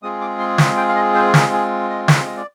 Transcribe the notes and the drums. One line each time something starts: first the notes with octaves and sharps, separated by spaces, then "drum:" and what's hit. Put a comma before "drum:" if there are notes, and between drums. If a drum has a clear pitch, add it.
G#3 C4 F4 G#4 D#6
D6
C6
drum: snare
G5
F5
D#5
C5
A#4, drum: snare
G#4
D#5
drum: snare
D#5
D5